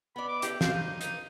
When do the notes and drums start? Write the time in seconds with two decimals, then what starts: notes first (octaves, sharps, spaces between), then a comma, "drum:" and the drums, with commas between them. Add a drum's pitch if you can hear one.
0.16 B3 D5 B5
0.29 D6
0.42 E4 G4, drum: hi-hat
0.61 C5 F5, drum: snare
0.73 D#4
1.01 D#4, drum: hi-hat